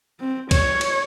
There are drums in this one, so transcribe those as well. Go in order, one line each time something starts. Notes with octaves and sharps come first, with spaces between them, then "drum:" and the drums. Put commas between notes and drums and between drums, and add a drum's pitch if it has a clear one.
C4
C#5, drum: kick C2, cymbal
drum: cymbal